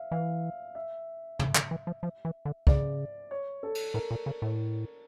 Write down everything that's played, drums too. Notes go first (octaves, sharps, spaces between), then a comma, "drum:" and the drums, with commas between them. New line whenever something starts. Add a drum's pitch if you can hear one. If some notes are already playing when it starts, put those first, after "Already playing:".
Already playing: E5 F5
E3 F5
E5
C#3, drum: tom
D3, drum: clap
E3
F3
F3
E3
D3
C#3 D5, drum: kick
C#5
A4
drum: cymbal
A2 A#4
A#2
C#3
A2